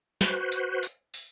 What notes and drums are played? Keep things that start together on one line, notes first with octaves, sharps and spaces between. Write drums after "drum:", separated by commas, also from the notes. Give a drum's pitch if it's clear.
F#4 B4 C5, drum: snare
drum: hi-hat
drum: hi-hat
drum: open hi-hat